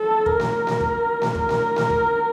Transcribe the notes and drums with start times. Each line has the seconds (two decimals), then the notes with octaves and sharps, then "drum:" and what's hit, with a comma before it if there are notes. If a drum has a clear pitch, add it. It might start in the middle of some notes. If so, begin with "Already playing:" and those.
Already playing: A4
0.26 A#4, drum: kick
0.40 drum: snare A3
0.67 drum: snare A3
0.81 drum: kick
1.22 drum: snare A3
1.35 A#4, drum: kick
1.49 drum: snare A3
1.76 drum: snare A3
1.90 drum: kick